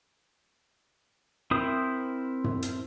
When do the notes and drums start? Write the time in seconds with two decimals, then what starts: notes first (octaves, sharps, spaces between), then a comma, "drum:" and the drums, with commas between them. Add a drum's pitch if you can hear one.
1.51 C4 E4 A#4 C5 D#6
2.44 drum: tom
2.62 drum: hi-hat